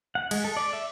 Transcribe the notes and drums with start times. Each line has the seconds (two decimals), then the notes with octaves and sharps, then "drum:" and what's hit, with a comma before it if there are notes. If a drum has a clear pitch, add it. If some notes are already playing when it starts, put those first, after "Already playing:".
0.15 F#5
0.31 G#3, drum: cymbal
0.44 A4
0.57 D5
0.73 E5